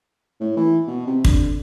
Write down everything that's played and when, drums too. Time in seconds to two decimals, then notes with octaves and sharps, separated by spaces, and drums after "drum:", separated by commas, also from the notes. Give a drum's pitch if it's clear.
0.41 A2
0.57 E3
0.88 B2
1.07 C3
1.25 D3, drum: kick